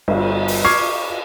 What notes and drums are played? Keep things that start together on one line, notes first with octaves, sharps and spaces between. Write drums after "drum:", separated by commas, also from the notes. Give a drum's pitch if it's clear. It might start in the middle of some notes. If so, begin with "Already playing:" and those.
G1, drum: cymbal
drum: open hi-hat
C#6 D6 F6 G#6 C7